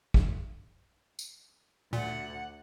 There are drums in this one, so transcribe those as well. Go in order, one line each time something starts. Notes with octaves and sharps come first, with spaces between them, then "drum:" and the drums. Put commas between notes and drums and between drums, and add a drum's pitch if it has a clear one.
drum: kick
drum: tambourine
D2 A#2 F#5